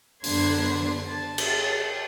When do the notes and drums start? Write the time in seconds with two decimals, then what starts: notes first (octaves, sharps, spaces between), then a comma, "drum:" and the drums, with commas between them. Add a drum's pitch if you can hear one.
0.24 F#2 D3 B3 D4 C6 G#6, drum: open hi-hat
1.09 A5
1.38 drum: cymbal